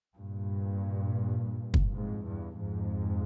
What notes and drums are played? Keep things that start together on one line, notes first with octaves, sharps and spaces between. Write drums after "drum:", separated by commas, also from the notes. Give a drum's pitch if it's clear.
G2 A#2
drum: kick
F2 G#2
E2 G2
F2 G#2